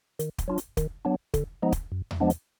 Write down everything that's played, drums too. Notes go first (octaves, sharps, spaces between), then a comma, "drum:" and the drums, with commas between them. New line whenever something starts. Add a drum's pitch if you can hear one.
D#3, drum: hi-hat
drum: kick, hi-hat
F#3 D4 F4
drum: hi-hat
D#3, drum: kick, hi-hat
F#3 B3 D4
D3, drum: kick, hi-hat
F3 G#3 B3 D#4
drum: kick, hi-hat
F#2
drum: tom E2
F3 G#3 B3 D4
drum: hi-hat